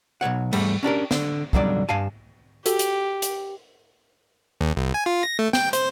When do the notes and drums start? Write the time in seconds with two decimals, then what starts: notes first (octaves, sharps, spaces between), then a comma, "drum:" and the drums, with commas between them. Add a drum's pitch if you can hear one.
0.21 B1 F#2 C#5 F#5
0.53 E2 G#2 G3 A3, drum: cymbal
0.83 C#4 D4 G4 A#4
1.11 D3, drum: snare
1.53 B1 F2 D3 F#3 G3 D5, drum: kick
1.89 G2 F5 G#5 A5
2.66 F#4 G4 A4, drum: hi-hat
2.79 drum: hi-hat
3.22 drum: hi-hat
4.61 D#2
4.76 C2
4.94 G#5
5.06 F4
5.23 A#6
5.39 A3
5.53 G5, drum: snare
5.73 C5, drum: hi-hat